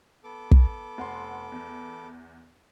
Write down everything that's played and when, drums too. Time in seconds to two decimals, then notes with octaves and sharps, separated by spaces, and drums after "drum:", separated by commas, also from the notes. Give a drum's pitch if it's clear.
0.24 B3 A4 D6
0.51 drum: kick
0.98 F1 F#5 C6
1.52 E2